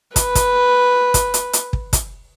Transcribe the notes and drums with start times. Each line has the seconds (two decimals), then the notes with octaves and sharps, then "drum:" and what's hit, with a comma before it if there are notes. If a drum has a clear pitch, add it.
0.16 B4, drum: kick, hi-hat
0.35 drum: kick, hi-hat
1.14 drum: kick, hi-hat
1.34 drum: hi-hat
1.53 drum: hi-hat
1.73 drum: kick
1.93 drum: kick, hi-hat